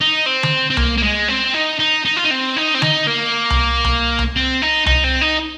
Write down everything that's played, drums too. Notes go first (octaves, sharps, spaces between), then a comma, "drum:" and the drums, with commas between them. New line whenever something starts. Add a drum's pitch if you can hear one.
D#4
C4
drum: tom D3
C4
A#3, drum: tom C2
A#3
G#3
C4
D#4
D#4
D#4
F4
D#4
C4
D#4
C4
D#4, drum: tom D3
A#3
drum: tom C2
drum: tom C2
drum: tom C2
C4
D#4
D#4, drum: tom C2
C4
D#4